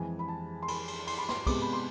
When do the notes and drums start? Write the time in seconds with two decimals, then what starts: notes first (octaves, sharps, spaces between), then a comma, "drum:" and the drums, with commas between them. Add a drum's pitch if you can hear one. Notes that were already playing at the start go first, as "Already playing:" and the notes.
Already playing: F2 E3 G#3 G#5
0.19 B5
0.28 A5
0.63 C6
0.68 B5, drum: cymbal
0.88 drum: cymbal
1.07 C6, drum: cymbal
1.18 B5
1.29 C6, drum: snare
1.46 C3 G#3 B3 D6, drum: kick, cymbal
1.62 B5
1.73 C6